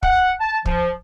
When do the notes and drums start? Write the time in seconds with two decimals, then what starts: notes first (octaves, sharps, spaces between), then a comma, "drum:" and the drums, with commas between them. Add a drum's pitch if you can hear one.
0.03 F#5, drum: kick
0.40 A5
0.66 F3, drum: kick